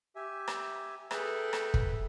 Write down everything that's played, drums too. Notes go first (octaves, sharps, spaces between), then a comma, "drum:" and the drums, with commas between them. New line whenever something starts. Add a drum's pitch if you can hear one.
G4 E5 G#5
drum: rim click
G#4 A4 B4 E5 G5, drum: rim click
drum: rim click
drum: kick